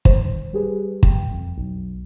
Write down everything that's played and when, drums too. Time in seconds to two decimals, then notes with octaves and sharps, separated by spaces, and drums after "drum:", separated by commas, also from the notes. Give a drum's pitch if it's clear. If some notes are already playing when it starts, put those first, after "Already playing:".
0.05 D#3 C5, drum: kick
0.53 G3 G4 G#4 B4
1.03 G5, drum: kick
1.31 F2
1.58 B1